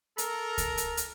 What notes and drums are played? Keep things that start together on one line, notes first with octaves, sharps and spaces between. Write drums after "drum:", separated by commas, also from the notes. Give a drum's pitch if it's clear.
A4 A#4 A#5, drum: hi-hat
drum: kick C#2, hi-hat
drum: hi-hat
drum: hi-hat